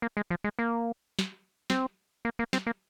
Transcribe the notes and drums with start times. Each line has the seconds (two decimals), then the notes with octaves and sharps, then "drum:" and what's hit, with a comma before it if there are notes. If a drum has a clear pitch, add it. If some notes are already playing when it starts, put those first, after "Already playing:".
0.02 A#3
0.17 G#3
0.30 F3
0.44 G#3
0.59 A#3
1.19 drum: snare
1.70 C4, drum: snare
2.25 A#3
2.39 A#3
2.53 C4, drum: snare
2.67 A#3